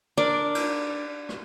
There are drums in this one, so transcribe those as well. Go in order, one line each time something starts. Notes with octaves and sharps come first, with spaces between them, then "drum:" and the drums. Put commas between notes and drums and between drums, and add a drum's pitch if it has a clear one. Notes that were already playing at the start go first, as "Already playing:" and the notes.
D4 A#4 D5
drum: cymbal
drum: rim click